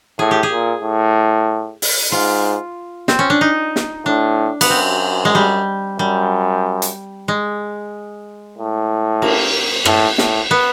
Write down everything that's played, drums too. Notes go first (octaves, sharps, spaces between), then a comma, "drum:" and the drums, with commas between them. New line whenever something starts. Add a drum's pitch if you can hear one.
A2 G#4
G4
G#4
A#2
A2
drum: open hi-hat
G#2 F4
C4, drum: snare
C#4
D4
D#4
drum: snare
A2 D4
B3, drum: cymbal
F#2 C4
G#3
G3
F#2 G3
drum: hi-hat
G#3
A2
A#3, drum: cymbal
A2, drum: rim click
A2, drum: snare
B3